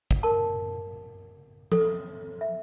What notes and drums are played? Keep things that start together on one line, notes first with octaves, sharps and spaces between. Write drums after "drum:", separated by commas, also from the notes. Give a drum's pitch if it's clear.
drum: kick
A#4 A5
A4, drum: tom F3
E5